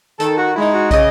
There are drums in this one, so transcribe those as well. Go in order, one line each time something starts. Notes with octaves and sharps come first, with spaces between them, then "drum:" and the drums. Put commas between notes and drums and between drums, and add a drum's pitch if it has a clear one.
D#3 A4, drum: hi-hat
F#4
G#3 D#4 E4
F#4
C#3 D#5, drum: kick, hi-hat